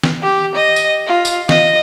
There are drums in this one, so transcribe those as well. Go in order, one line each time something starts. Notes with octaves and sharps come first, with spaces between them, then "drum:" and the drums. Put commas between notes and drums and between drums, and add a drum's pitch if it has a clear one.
drum: snare
G4
D#5
drum: tambourine
F4
drum: tambourine
D#5, drum: snare